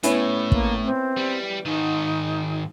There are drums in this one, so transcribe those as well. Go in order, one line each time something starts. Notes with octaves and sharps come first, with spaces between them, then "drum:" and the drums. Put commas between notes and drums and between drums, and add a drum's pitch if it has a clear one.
A2 B3 C#4 E4, drum: hi-hat
A#3, drum: kick
C4
G3
G#2 D#3 D#4